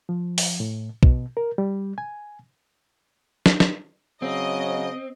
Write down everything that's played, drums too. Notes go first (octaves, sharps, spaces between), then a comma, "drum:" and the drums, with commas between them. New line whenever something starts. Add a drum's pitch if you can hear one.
F3
drum: open hi-hat
A2
B2, drum: kick
A#4
G3
G#5
drum: snare
drum: snare
C#3 F#3 C4 D#5